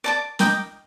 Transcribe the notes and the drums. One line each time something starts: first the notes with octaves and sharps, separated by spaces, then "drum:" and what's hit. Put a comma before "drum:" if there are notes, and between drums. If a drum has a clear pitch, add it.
D5 A5 D6
A#4 D#5 G5 D6, drum: snare